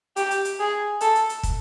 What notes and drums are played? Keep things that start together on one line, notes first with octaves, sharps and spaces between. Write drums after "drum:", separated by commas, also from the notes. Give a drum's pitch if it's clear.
G4, drum: hi-hat
drum: hi-hat
drum: hi-hat
G#4
A4, drum: hi-hat
drum: hi-hat
drum: hi-hat
drum: kick, hi-hat